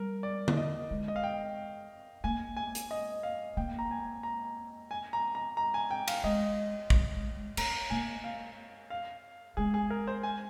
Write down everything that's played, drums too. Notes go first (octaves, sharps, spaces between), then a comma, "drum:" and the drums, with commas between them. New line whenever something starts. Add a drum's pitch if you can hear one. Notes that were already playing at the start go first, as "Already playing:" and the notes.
Already playing: G3 A#4
D5
drum: tom D3
D#5
G#3
D#5
F5
G5
A#3 G#5
G#5
drum: hi-hat
D#5
F5
A#3 G5
A#5
G#5
A#5
G#5
A#5
A#5
A#5
G#5
G5
F5, drum: cymbal
G#3 D#5
G3, drum: kick
G#3
G#3
C4 A#5, drum: cymbal
A#3 G#5
F5
F5
G#3 G#4
G#4
A#4
C5
G#5